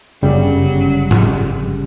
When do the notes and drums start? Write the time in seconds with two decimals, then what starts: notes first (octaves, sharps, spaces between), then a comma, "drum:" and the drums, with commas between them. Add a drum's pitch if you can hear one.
0.22 G1 F#2 C#3 F#3 G3
1.11 drum: tom G#2